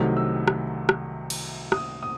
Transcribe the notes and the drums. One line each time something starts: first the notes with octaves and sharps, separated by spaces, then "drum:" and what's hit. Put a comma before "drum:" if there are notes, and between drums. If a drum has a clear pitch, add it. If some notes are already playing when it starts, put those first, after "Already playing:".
Already playing: C2 C3 D#3 F#3 A3
E6
drum: rim click
drum: rim click
drum: cymbal
D#6, drum: rim click
D#6